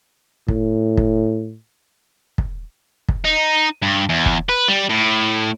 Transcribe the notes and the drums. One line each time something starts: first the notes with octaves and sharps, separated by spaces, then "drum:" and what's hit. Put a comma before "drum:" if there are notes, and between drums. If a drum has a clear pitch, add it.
A2, drum: kick
drum: kick
drum: kick
drum: kick
D#4
G2
E2
drum: kick
B4
G3
A2